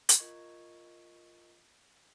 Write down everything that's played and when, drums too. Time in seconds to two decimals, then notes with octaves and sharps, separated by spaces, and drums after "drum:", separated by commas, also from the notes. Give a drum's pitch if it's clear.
0.09 drum: hi-hat
0.19 F4 A#4 D#5 C#6 G#6